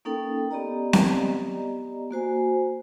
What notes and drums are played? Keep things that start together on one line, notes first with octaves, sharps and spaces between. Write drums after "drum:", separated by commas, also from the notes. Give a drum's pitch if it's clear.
A#3 C#4 D#4 A4 A#4 G5
B3 G4 D5 D#5 A#5
drum: snare C4
A#3 F#4 C5 G#5